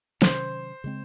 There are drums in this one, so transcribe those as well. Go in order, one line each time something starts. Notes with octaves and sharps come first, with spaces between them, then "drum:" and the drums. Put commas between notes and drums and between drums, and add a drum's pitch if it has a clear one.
C3 D#3 F#3 C#4 C5, drum: snare
C#3 G#3 C4